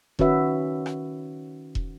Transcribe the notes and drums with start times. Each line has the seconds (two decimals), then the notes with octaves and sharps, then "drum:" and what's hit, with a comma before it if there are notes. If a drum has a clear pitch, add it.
0.19 D#3 C#4 F#4 B4 E5, drum: kick E1
0.86 drum: rim click
1.75 drum: kick E1